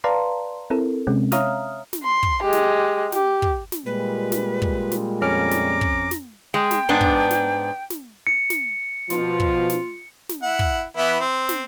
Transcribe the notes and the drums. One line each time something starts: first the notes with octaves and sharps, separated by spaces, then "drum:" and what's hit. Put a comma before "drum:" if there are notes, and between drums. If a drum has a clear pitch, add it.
B4 D5 F5 A5 A#5 C6
C4 E4 A4 A#4
C3 G#3 C4 C#4
C#5 E5 F5 A#5 D#6 F6, drum: snare
drum: snare
C6
drum: kick
G#3 G4
drum: snare
G4, drum: snare
drum: kick
drum: snare
A#2 G3 G#3 B4
drum: snare
drum: kick
drum: snare
F2 C#4 A#5 D6 F6
drum: snare
drum: kick
drum: snare
G#3 G5
drum: snare
G#2 B3 D4
drum: kick
drum: snare
drum: snare
C#7
drum: snare
B2 F3 F4, drum: snare
drum: kick
drum: snare
drum: snare
E4 F#5
drum: kick
E3 B3 E4
C4
drum: snare